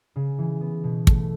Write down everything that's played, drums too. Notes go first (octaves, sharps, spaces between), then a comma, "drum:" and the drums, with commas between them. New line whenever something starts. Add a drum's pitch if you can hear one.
C#3
E3
B3
B2
A3, drum: kick